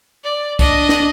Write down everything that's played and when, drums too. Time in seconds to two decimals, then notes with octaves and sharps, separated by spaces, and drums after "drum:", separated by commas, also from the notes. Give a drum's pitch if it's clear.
0.24 D5
0.59 D4 D#5, drum: kick C2, tambourine
0.89 drum: snare